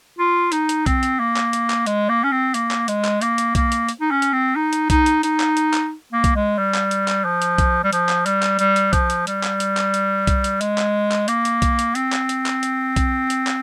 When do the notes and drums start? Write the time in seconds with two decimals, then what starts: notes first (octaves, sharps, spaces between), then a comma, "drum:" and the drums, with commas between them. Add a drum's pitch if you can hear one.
0.19 F4
0.52 D#4, drum: hi-hat
0.69 drum: hi-hat
0.86 C4, drum: kick B1, hi-hat
1.03 drum: hi-hat
1.20 A#3
1.36 drum: clap
1.53 drum: hi-hat
1.70 drum: clap
1.86 G#3, drum: hi-hat
2.09 A#3
2.24 C#4
2.32 C4
2.54 A#3, drum: hi-hat
2.71 drum: clap
2.88 G#3, drum: hi-hat
3.05 drum: clap
3.21 A#3, drum: hi-hat
3.38 drum: hi-hat
3.55 A#3, drum: kick B1, hi-hat
3.72 drum: hi-hat
3.89 drum: hi-hat
4.01 D#4
4.11 C#4
4.22 drum: hi-hat
4.33 C4
4.56 D#4
4.73 drum: hi-hat
4.90 D#4, drum: kick B1, hi-hat
5.06 drum: hi-hat
5.23 D#4, drum: hi-hat
5.40 drum: clap
5.57 drum: hi-hat
5.74 drum: clap
6.13 A#3
6.24 drum: kick B1, hi-hat
6.35 G#3
6.58 G3
6.74 drum: clap
6.91 drum: hi-hat
7.08 drum: clap
7.25 F3
7.42 drum: hi-hat
7.58 drum: kick B1, hi-hat
7.84 G3
7.93 F3, drum: hi-hat
8.09 drum: clap
8.26 G3, drum: hi-hat
8.43 drum: clap
8.59 G3, drum: hi-hat
8.76 drum: hi-hat
8.93 F3, drum: kick B1, hi-hat
9.10 drum: hi-hat
9.27 G3, drum: hi-hat
9.43 drum: clap
9.60 drum: hi-hat
9.77 drum: clap
9.94 drum: hi-hat
10.27 drum: kick B1, hi-hat
10.44 drum: hi-hat
10.61 G#3, drum: hi-hat
10.78 drum: clap
11.12 drum: clap
11.28 A#3, drum: hi-hat
11.45 drum: hi-hat
11.62 drum: kick B1, hi-hat
11.79 drum: hi-hat
11.95 C4, drum: hi-hat
12.12 drum: clap
12.29 drum: hi-hat
12.46 drum: clap
12.63 drum: hi-hat
12.96 drum: kick B1, hi-hat
13.30 drum: hi-hat
13.47 drum: clap